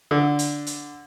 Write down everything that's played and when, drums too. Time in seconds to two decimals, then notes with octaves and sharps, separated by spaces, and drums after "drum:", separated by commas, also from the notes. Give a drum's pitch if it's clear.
0.11 D3
0.39 drum: hi-hat
0.67 drum: hi-hat